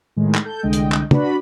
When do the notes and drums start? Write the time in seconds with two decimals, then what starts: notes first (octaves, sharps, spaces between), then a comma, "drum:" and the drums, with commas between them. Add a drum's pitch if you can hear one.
0.16 A2 D#3 G#3
0.35 drum: clap
0.45 A4 G6
0.62 C2 D3 G#3 D#5 G5
0.73 drum: hi-hat
0.92 drum: clap
1.11 D4 F#4 B4 D5 B5, drum: tom